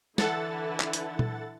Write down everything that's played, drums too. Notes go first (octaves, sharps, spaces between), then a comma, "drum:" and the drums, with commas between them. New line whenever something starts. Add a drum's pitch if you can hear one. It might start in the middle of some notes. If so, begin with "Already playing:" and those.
D3 E3 E4 A4 F#5 A6, drum: snare
drum: clap
drum: hi-hat
drum: tom A#2